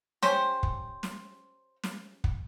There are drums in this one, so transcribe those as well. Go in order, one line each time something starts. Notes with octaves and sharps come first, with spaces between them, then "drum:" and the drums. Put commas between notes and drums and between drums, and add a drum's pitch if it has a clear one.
C#4 G4 C5, drum: snare
drum: kick
drum: snare
drum: snare
drum: kick